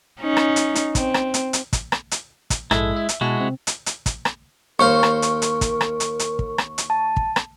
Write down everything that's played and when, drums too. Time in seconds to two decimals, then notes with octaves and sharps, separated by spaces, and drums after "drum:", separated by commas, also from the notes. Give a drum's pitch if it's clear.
0.21 C#4 D#4
0.37 drum: rim click
0.56 drum: hi-hat
0.75 drum: hi-hat
0.95 C4, drum: kick, hi-hat
1.14 drum: rim click
1.34 drum: hi-hat
1.53 drum: hi-hat
1.73 drum: kick, hi-hat
1.92 drum: rim click
2.11 drum: hi-hat
2.50 drum: kick, hi-hat
2.71 A#1 G#2 G#3 E4 A4, drum: rim click
2.96 E5
3.09 drum: hi-hat
3.21 B2 G#3 E4 F#4 A5
3.41 C3 C4
3.67 drum: hi-hat
3.86 drum: hi-hat
4.06 drum: kick, hi-hat
4.25 drum: rim click
4.79 D#2 A#4 C5 F5 C#6
5.03 drum: rim click
5.22 drum: hi-hat
5.42 drum: hi-hat
5.61 drum: kick, hi-hat
5.81 drum: rim click
6.00 drum: hi-hat
6.19 drum: hi-hat
6.39 drum: kick
6.58 drum: rim click
6.78 drum: hi-hat
6.90 A5
7.17 drum: kick
7.36 drum: rim click